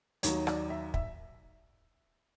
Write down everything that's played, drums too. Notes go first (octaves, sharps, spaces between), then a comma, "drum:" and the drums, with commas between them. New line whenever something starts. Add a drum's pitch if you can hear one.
D#2 D#3 F#3 C#5, drum: hi-hat
D5, drum: rim click
E5
E5, drum: kick